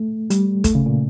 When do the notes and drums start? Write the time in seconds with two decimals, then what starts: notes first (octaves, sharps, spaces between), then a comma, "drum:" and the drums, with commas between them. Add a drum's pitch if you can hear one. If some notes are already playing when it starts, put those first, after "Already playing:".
Already playing: A3
0.30 G3, drum: hi-hat
0.64 A3, drum: kick, hi-hat
0.75 C#3
0.86 A#2